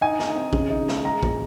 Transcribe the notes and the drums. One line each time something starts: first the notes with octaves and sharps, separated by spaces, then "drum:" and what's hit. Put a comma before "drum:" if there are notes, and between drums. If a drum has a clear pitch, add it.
D#4 G#5
D#4, drum: snare
C4
C#3, drum: kick A1
D#4
G#3, drum: snare
G#3 A#5
A#2, drum: kick A1